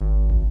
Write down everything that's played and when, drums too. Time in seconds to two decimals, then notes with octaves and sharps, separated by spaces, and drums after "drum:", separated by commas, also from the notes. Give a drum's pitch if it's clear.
0.01 G#1
0.30 drum: kick